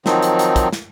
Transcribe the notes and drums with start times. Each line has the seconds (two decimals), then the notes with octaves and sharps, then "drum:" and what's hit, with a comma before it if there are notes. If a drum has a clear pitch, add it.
0.06 D#3 F3 F#3 C4 D#4, drum: snare
0.22 drum: hi-hat
0.39 drum: hi-hat
0.56 drum: kick, hi-hat
0.73 drum: snare